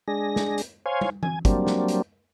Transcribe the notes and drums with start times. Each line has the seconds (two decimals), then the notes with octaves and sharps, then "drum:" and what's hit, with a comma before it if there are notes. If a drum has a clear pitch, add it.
0.08 G#3 D4 G#4 A#6
0.36 drum: snare
0.58 drum: hi-hat
0.86 C5 C#5 F5 G#5
1.01 drum: tom
1.23 G#5, drum: tom E3
1.45 F#3 G3 A#3 C4 D4, drum: kick, hi-hat
1.67 drum: snare
1.88 drum: hi-hat